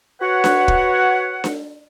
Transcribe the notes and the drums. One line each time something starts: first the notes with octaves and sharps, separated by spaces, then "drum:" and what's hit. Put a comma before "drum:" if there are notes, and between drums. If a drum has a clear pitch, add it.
F#4 B4 C#5 F#5
drum: snare D4
drum: kick
drum: snare D4